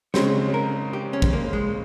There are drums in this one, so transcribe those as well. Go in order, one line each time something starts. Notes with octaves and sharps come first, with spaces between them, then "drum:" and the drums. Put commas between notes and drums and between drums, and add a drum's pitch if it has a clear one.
C#3 G#3 C4 C#5, drum: snare
A#4
G4
C#4
drum: kick
A#3
G#3